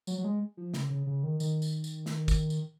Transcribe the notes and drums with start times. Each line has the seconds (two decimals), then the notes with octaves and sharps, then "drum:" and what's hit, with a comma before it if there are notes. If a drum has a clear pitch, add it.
0.07 F#3, drum: tambourine
0.18 F#3
0.24 G#3
0.57 F3
0.74 C#3, drum: snare
0.90 C#3
1.07 C#3
1.23 D#3
1.40 D#3, drum: tambourine
1.62 drum: tambourine
1.84 drum: tambourine
2.06 drum: snare
2.28 drum: kick, tambourine
2.50 drum: tambourine